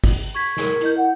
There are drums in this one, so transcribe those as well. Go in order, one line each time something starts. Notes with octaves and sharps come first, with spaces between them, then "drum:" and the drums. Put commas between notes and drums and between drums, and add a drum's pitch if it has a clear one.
drum: kick, open hi-hat
C#6 G#6 B6
A#4, drum: snare
E4 D#5 G6, drum: hi-hat
F#5